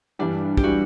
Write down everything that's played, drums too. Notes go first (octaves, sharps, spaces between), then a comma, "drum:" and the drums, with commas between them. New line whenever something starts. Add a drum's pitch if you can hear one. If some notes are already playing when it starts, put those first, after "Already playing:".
G2 E3 G3 D4
G4, drum: kick
E3 G3 F#4